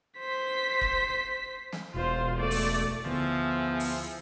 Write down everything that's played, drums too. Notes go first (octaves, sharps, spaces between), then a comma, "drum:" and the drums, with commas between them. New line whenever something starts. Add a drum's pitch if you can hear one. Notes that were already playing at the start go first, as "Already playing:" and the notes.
C5 B6
drum: kick F1
drum: snare
E1 F4 C5
A3 D5
drum: open hi-hat
D2 D3 F3 B3 E4 G#4
drum: open hi-hat